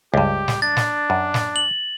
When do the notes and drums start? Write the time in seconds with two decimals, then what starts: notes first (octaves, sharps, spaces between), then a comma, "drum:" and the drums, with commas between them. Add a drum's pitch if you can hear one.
0.14 C#2 G2 G4
0.48 drum: snare
0.62 D4 A6
0.77 drum: snare
1.10 F#2
1.34 drum: snare
1.56 F#7